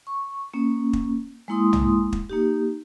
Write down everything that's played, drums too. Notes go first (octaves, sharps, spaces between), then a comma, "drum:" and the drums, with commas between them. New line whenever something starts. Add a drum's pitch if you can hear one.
C#6
A#3 C#4
drum: kick
G#3 A#3 E4 C6 D#6
drum: tom
drum: kick
A#3 D#4 G4